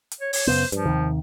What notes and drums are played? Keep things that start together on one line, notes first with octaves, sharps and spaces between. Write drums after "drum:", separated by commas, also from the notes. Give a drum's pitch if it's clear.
drum: hi-hat
C#5
C#5, drum: open hi-hat
F#2 C#3 B3 C5
G2 F3, drum: hi-hat
D#2 C3 D#3